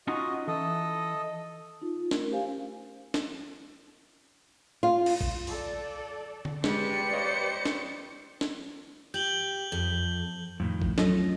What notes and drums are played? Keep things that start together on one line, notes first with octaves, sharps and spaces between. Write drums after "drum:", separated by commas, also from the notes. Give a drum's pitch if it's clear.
C#4 D#4 F4 F#4 D#5
E3 A4 D#5
D#4 F4
A3 C#4 A#4, drum: snare
G4 C5 F5 G#5
drum: snare
F4
drum: cymbal
drum: kick
A4 D5, drum: open hi-hat
drum: tom D3
G#3 G4 B4 C5 D5 C#7, drum: snare
C#5 D#5 F5
drum: snare
drum: snare
G4 G6 F#7 G7
F2
F2 A2 D#3
drum: kick
F#3 A3 C#4 F4 A4 D#5, drum: snare